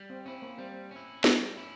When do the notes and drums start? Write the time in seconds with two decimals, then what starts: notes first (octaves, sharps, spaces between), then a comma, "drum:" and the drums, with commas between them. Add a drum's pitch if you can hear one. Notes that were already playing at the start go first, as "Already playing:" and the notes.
Already playing: G3
0.10 C4
0.26 C4 C#4 E4
0.42 A#3
0.58 G3 C4
0.91 C#4 E4
1.24 G3, drum: snare
1.57 C#4 E4